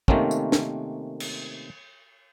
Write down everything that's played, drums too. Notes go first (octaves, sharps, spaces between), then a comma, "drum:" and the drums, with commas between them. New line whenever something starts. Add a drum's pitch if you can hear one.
C3 D#3 A3 A#3 C4 C#4, drum: kick
drum: tambourine
drum: snare
drum: cymbal